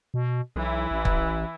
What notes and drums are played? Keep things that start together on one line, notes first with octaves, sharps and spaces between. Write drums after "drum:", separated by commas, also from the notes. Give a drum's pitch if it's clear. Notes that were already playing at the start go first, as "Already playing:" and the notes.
B2
B1 E3 E4
A1
drum: kick